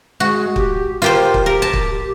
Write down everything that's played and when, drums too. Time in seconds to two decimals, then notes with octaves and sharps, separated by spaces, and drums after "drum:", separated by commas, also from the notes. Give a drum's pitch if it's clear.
0.20 G#3 F#4
0.56 G4, drum: kick
1.02 F4 G4 A#4 C5
1.34 drum: kick
1.46 G4 A#4
1.62 A5
1.73 drum: kick